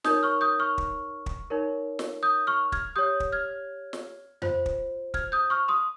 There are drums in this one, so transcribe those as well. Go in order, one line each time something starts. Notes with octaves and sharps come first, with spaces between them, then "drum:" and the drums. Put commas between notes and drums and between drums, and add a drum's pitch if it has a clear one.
D#4 A#4 C#5 D#6 G6, drum: snare
C#6 F6
D#6 G6
C#6 F6
drum: kick
drum: kick
D#4 A#4 C#5
drum: snare
D#6 G6
C#6 F6
F6 G#6, drum: kick
G4 C#5 D#6 G6
drum: kick
F6 G#6
drum: snare
F4 C5, drum: tom F2
drum: kick
F6 G#6, drum: kick
D#6 G6
C#6 F6
C6 D#6